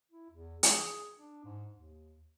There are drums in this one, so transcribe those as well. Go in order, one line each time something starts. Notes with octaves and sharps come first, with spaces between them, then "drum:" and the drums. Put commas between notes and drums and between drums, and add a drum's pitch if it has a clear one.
E4
E2
G#4, drum: hi-hat
D4
G#2
D#2